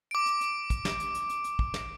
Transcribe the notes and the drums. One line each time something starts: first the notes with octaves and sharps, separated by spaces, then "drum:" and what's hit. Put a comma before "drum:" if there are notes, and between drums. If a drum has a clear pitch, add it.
D6 D7
drum: hi-hat
drum: hi-hat
drum: kick, hi-hat
drum: snare
drum: hi-hat
drum: hi-hat
drum: hi-hat
drum: hi-hat
drum: kick
drum: snare